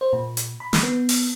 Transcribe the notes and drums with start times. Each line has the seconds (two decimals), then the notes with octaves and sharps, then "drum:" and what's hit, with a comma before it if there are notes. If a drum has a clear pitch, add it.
0.01 C5
0.13 A#2
0.37 drum: hi-hat
0.60 B5
0.73 drum: snare
0.83 B3
1.09 drum: open hi-hat